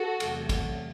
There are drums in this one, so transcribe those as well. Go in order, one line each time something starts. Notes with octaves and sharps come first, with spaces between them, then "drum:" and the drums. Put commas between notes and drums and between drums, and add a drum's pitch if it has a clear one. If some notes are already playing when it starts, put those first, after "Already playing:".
Already playing: F#4 A4
E2 C3 F#3 A3, drum: cymbal
drum: kick, cymbal